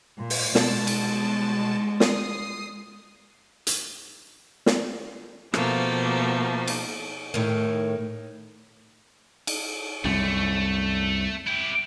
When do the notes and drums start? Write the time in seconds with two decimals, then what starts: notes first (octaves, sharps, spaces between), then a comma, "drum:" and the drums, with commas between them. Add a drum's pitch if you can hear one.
0.18 A#2
0.30 drum: open hi-hat
0.55 B2 G#3 A5, drum: snare
0.87 drum: cymbal
2.00 D#6 C7, drum: snare
3.67 drum: hi-hat
4.66 drum: snare
5.54 B2 F3 A3 A#3, drum: rim click
6.68 drum: cymbal
7.34 A2 D#3
9.47 drum: cymbal
10.04 C2 F#2 A3
11.47 E4 G4